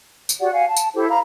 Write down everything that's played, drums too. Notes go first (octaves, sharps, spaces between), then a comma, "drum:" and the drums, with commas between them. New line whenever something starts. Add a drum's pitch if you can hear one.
drum: tambourine
F#4 G4 D5 F#5
F5 F#5 G#5
A5
drum: tambourine
E4 G4 A4 C5
F5 A#5 B5